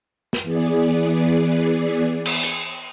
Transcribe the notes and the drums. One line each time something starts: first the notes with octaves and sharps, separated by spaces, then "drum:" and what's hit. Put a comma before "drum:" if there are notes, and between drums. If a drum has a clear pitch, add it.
drum: snare
E3 B3 G#4 D5
drum: cymbal
drum: hi-hat